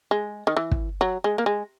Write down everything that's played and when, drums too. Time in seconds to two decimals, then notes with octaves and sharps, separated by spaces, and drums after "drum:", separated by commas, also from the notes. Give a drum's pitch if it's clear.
0.11 G#3
0.47 D#3
0.57 E3
0.71 drum: kick
1.01 F#3
1.24 G#3
1.38 A#3
1.46 G#3